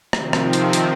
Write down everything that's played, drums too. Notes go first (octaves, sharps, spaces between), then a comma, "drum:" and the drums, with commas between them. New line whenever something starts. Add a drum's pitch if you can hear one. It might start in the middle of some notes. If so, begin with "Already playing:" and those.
C3 D#3 F3 C4, drum: rim click
drum: rim click
drum: hi-hat
drum: hi-hat